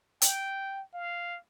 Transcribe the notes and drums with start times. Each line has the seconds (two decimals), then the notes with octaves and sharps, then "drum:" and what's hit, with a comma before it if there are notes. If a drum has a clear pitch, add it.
0.22 G5, drum: hi-hat
0.94 F5